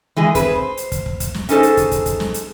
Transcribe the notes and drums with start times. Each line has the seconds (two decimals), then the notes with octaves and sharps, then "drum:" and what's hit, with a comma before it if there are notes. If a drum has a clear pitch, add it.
0.16 E3 G#3 G#4
0.35 C4 G#4 B4, drum: kick, hi-hat
0.56 C5
0.77 drum: hi-hat
0.92 drum: kick, hi-hat
1.06 drum: kick
1.20 drum: kick, hi-hat
1.34 drum: snare
1.49 C#4 D#4 G#4 A4 C5, drum: hi-hat
1.63 drum: hi-hat
1.77 drum: kick, hi-hat
1.91 drum: kick, hi-hat
2.06 drum: kick, hi-hat
2.20 drum: snare
2.34 drum: hi-hat